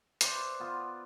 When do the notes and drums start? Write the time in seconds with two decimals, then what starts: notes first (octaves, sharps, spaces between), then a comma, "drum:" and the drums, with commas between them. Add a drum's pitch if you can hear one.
0.21 B4 C5 D5 E5, drum: hi-hat
0.60 B3 F4